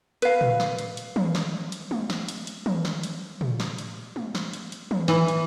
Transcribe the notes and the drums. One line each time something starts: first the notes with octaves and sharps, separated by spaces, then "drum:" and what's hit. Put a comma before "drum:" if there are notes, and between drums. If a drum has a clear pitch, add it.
B4 F5, drum: hi-hat
drum: tom
drum: snare
drum: hi-hat
drum: hi-hat
drum: tom
drum: snare
drum: hi-hat
drum: tom
drum: snare
drum: hi-hat
drum: hi-hat
drum: tom
drum: snare
drum: hi-hat
drum: tom
drum: snare
drum: hi-hat
drum: tom
drum: snare
drum: hi-hat
drum: hi-hat
drum: tom
E3, drum: snare
drum: hi-hat